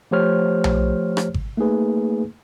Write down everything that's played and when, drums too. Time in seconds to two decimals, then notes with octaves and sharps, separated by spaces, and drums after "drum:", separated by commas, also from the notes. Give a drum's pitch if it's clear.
0.11 F3 A3 G4 C5 C#5 F6
0.64 drum: tom B1
1.17 drum: rim click
1.34 drum: kick G#1
1.57 A3 A#3 D#4 G#4 B4